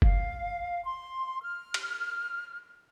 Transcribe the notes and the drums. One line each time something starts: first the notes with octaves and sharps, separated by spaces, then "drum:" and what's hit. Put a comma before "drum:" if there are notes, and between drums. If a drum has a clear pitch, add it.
F5, drum: kick F#1
C6
F6
drum: cymbal